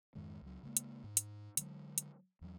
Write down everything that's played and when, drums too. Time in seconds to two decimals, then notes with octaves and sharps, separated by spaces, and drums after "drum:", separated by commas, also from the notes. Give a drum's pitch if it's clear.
0.15 F2 G#2 D#3 G#3
0.42 C#2 F#3
0.63 C#3 G#3 A#3
0.77 drum: hi-hat
1.04 G#2
1.17 drum: hi-hat
1.57 D3 F#3 G#3, drum: hi-hat
1.98 drum: hi-hat
2.41 E2 F#3